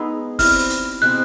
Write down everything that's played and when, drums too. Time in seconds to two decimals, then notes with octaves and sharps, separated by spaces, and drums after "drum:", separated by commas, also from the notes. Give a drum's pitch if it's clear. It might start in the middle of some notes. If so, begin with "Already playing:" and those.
Already playing: G#3 B3 D#4 G#4 E6
0.39 G3 C4 E4 F6, drum: kick, open hi-hat
0.70 drum: hi-hat
1.02 B2 G#3 C4 F#6